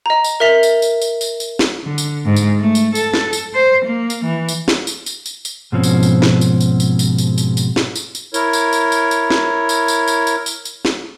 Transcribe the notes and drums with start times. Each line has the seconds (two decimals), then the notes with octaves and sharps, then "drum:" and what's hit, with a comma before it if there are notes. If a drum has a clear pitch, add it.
0.06 D#5 A#5
0.24 drum: tambourine
0.40 A#4 E5 B6 F7 G7
0.63 drum: tambourine
0.82 drum: tambourine
1.02 drum: tambourine
1.21 drum: tambourine
1.40 drum: tambourine
1.59 drum: snare
1.84 D3
1.98 drum: tambourine
2.25 G#2
2.36 drum: tambourine
2.59 A3
2.75 drum: tambourine
2.95 A4, drum: tambourine
3.14 drum: snare
3.33 drum: tambourine
3.54 C5
3.86 A#3
4.10 drum: tambourine
4.25 E3
4.49 drum: tambourine
4.68 drum: snare
4.87 drum: tambourine
5.06 drum: tambourine
5.26 drum: tambourine
5.45 drum: tambourine
5.72 G#2 B2 F3 C4 C#4
5.83 drum: tambourine
6.03 drum: tambourine
6.22 drum: snare
6.41 drum: tambourine
6.61 drum: tambourine
6.80 drum: tambourine
6.99 drum: tambourine
7.18 drum: tambourine
7.38 drum: tambourine
7.57 drum: tambourine
7.76 drum: snare
7.96 drum: tambourine
8.15 drum: tambourine
8.34 E4 A#4 C#5, drum: tambourine
8.53 drum: tambourine
8.73 drum: tambourine
8.92 drum: tambourine
9.11 drum: tambourine
9.30 drum: snare
9.69 drum: tambourine
9.88 drum: tambourine
10.08 drum: tambourine
10.27 drum: tambourine
10.46 drum: tambourine
10.65 drum: tambourine
10.85 drum: snare